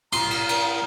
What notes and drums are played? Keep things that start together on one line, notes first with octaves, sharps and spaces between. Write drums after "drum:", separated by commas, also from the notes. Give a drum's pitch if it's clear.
A#5 C6, drum: cymbal
drum: cymbal
drum: cymbal